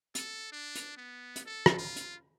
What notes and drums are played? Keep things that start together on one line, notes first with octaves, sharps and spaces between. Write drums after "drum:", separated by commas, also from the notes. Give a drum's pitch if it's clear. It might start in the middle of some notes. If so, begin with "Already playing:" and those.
A4, drum: hi-hat
D4
drum: hi-hat
B3
drum: hi-hat
A4
drum: rim click
F4
drum: hi-hat